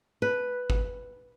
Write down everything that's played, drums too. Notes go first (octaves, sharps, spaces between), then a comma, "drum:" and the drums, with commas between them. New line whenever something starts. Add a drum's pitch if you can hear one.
B4
drum: kick G1